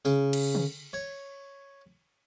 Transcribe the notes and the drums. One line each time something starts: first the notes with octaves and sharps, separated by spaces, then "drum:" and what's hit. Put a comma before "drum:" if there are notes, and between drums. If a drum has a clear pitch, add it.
C#3, drum: tambourine
drum: cymbal
drum: tom D3
C#5